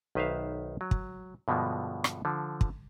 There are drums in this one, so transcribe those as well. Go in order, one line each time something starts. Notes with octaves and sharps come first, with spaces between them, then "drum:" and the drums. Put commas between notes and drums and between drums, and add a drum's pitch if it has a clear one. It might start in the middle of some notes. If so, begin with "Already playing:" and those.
B1 D#3 B4 C5 E5 F5
F#3
drum: kick
G2 B2 D3 F3 G#3
drum: rim click
D3 F3
drum: kick